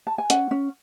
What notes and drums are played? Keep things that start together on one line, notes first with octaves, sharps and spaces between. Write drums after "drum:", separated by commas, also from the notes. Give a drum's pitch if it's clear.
A5
G#5
C#4 F#5, drum: hi-hat
C#4